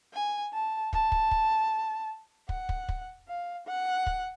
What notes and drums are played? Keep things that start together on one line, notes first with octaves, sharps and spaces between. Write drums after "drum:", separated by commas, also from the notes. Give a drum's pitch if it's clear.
G#5
A5
A5, drum: kick
drum: kick
drum: kick
F#5, drum: kick
drum: kick
drum: kick
F5
F#5
drum: kick